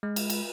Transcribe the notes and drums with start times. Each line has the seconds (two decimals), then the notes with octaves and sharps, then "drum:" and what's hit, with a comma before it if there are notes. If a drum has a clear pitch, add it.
0.03 G#3
0.16 drum: cymbal
0.30 drum: cymbal